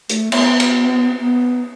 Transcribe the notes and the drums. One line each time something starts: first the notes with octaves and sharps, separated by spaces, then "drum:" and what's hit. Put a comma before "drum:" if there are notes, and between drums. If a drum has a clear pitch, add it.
A3, drum: hi-hat
B3, drum: cymbal
drum: cymbal
B3